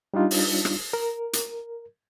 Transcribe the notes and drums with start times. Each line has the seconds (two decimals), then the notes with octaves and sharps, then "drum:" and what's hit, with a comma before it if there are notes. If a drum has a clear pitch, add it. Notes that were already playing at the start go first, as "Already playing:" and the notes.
0.14 G3 D4 D#4 F4
0.31 drum: open hi-hat
0.65 drum: rim click
0.93 A#4
1.33 drum: hi-hat